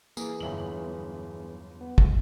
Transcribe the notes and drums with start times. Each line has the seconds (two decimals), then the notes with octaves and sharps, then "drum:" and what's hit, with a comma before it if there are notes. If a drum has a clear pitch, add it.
0.17 E3 A#3 G#4, drum: tambourine
0.40 G1 E2 F#3 E5 F#7
1.81 B3
1.98 drum: kick